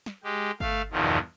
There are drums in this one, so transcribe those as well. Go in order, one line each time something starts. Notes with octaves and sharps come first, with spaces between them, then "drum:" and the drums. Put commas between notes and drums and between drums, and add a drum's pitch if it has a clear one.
drum: snare
G#3 G4
A3 F5, drum: kick G1
E2 G2 B2 D#3 F3